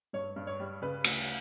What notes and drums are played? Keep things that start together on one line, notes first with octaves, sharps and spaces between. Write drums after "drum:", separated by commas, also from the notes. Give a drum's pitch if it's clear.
G2 C#5
G2
C#5
G3
C#3 B4
D2, drum: cymbal